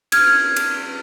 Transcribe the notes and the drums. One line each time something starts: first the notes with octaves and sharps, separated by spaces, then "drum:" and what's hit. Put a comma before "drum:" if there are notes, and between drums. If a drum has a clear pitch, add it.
F6 G#6, drum: cymbal
drum: cymbal